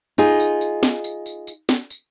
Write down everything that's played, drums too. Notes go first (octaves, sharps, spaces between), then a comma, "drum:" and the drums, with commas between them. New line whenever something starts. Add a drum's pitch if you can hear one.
D#4 F4 G#4, drum: tambourine
drum: tambourine
drum: tambourine
drum: snare
drum: tambourine
drum: tambourine
drum: tambourine
drum: snare
drum: tambourine